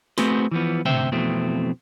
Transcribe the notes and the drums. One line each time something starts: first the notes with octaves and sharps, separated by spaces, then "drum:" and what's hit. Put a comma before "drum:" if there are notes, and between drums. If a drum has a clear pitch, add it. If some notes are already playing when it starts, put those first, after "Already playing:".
A3 C4 F#4 G#4 B4 C5, drum: snare
E3 F3 B3
D2 C3 C5 E5 G5, drum: tom
F2 B2 E3 A3 C4